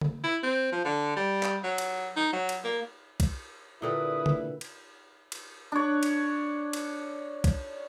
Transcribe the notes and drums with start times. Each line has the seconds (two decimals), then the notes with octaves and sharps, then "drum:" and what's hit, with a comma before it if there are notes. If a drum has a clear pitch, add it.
0.01 drum: tom C#3
0.24 E4
0.43 C4
0.72 F3
0.85 D3
1.16 G3
1.43 drum: clap
1.63 F#3
1.78 drum: cymbal
2.16 D#4
2.33 F#3
2.49 drum: cymbal
2.64 A#3
3.20 drum: kick B1, cymbal
3.82 A#2 D3 E4 G4 B4 D#6
4.26 drum: tom C#3
4.61 drum: cymbal
5.32 drum: cymbal
5.72 D4 C#5
6.03 drum: cymbal
6.73 drum: cymbal
7.44 drum: kick B1, cymbal